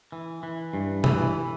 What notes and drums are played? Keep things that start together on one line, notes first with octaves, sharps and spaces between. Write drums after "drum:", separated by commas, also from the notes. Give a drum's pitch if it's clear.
E3
E3
G2
E3, drum: tom B2